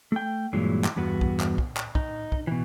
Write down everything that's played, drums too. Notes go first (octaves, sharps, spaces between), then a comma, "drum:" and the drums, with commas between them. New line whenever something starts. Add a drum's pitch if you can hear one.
A3 G5
G2 A#2 E3 F#3 G#3
drum: clap
E2 G2 B3 F#4
drum: kick
drum: clap
drum: kick
drum: clap
D#4, drum: kick
drum: kick
B2 E3